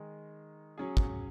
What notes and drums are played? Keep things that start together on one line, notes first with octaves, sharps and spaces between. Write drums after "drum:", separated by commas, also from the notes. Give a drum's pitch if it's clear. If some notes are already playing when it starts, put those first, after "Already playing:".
Already playing: D#3 G#3 D#4 G#4
F#3 C#4 G#4
drum: kick